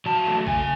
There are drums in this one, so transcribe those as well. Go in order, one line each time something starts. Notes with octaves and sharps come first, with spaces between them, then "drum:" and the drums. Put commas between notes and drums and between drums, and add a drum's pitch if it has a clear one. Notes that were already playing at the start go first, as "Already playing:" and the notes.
F#3 A5
A3, drum: tom E3
C#3 G#5, drum: kick